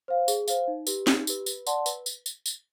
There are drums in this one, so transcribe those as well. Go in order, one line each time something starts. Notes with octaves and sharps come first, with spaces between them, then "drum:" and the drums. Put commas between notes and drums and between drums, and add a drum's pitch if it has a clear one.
C5 F5
G#4, drum: tambourine
C5 F5, drum: tambourine
D#4
G4 B4, drum: tambourine
D#4, drum: snare
G4 B4, drum: tambourine
B4, drum: tambourine
D5 F#5 A5 C6, drum: tambourine
B4, drum: tambourine
drum: tambourine
drum: tambourine
drum: tambourine